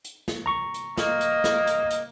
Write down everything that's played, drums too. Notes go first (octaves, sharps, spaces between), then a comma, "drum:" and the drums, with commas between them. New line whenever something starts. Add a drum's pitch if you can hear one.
drum: hi-hat
drum: snare
A#5 C#6
drum: hi-hat
A#3 D#5, drum: snare
drum: hi-hat
drum: snare
drum: hi-hat
drum: hi-hat